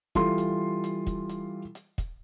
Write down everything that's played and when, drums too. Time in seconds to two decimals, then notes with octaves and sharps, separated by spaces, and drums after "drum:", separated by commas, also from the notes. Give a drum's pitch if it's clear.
0.15 E3 G3 F4 A4 C6, drum: kick, hi-hat
0.38 drum: hi-hat
0.84 drum: hi-hat
1.07 drum: kick, hi-hat
1.29 drum: hi-hat
1.75 drum: hi-hat
1.98 drum: kick, hi-hat